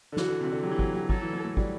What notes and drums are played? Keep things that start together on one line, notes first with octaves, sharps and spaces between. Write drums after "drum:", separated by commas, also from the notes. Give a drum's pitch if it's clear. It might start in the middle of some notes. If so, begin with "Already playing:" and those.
D3
E3 F#4, drum: snare
D3
C3
D3
F#3 G4
E3
F#3, drum: kick
F#3
F#3 A4, drum: kick
E3
F#3
A3
G3, drum: kick